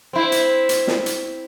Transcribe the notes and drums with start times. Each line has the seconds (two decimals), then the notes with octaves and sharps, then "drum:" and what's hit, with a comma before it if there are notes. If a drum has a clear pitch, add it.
0.13 C4 E4
0.32 drum: hi-hat
0.69 drum: hi-hat
0.87 drum: snare
1.06 drum: hi-hat